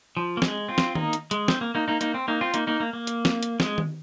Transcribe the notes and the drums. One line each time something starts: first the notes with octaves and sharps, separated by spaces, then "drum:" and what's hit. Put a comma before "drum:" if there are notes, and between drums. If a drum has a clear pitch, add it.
F3
A#3
G#3, drum: snare
C4 F4
drum: snare
A#3 D#4, drum: tom D#3
drum: hi-hat
G#3, drum: hi-hat
C4, drum: snare
A#3
A#3 D#4
A#3 D#4
A#3 D#4, drum: hi-hat
C4
A#3 D#4
C4 F4
A#3 D#4, drum: hi-hat
A#3 D#4
A#3
A#3
drum: hi-hat
drum: snare
drum: hi-hat
G#3, drum: snare
drum: tom D#3